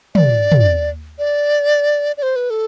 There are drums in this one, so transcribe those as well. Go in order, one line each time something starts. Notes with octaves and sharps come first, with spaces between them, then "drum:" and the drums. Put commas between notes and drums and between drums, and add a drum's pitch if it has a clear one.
D5, drum: tom
drum: tom
D5
D5
C5
B4
A4